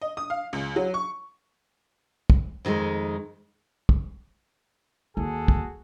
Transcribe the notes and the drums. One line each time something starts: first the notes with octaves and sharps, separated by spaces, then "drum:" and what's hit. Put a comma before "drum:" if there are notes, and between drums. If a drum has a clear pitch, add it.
D#5
D#6
F5
C#2
F#3
C#6
drum: kick
F2 D#3 F3 G#3 A3
drum: kick
D#2 F#4 G#4 A4
drum: kick